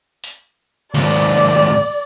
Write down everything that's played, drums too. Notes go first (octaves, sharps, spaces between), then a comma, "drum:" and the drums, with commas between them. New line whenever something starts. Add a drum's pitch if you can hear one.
drum: hi-hat
D#2 G#2 D5, drum: cymbal